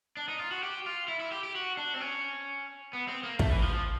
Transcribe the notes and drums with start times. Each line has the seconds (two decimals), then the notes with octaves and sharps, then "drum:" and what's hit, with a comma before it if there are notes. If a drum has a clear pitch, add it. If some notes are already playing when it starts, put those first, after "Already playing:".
0.17 D4
0.28 D#4
0.40 F4
0.51 F#4
0.63 G4
0.86 F4
1.08 E4
1.20 E4
1.31 G4
1.44 G4
1.55 F#4
1.77 D4
1.94 C4
2.00 C#4
2.93 B3
3.08 C4
3.23 A#3
3.39 A3, drum: kick
3.51 E3
3.62 F3
3.73 F3